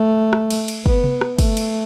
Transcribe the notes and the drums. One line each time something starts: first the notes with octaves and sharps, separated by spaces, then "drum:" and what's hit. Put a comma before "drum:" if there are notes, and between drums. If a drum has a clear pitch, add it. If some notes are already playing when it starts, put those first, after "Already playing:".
Already playing: A3
drum: rim click
drum: cymbal
drum: cymbal
B3, drum: kick
drum: tom C3
drum: rim click
A3, drum: kick, cymbal
drum: cymbal